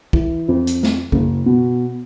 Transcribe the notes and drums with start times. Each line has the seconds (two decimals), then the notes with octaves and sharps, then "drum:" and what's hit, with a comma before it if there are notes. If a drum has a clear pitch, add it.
0.13 E3, drum: kick
0.48 F2
0.67 drum: hi-hat
0.83 drum: snare
1.12 F#1, drum: kick
1.46 B2